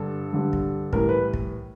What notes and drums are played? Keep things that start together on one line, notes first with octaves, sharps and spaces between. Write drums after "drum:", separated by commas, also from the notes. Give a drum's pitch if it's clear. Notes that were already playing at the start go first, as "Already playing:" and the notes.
Already playing: G2 D3 G3 A4
G2 D3 G3
drum: kick
A2 E3 G3 A#4, drum: kick
B4
drum: kick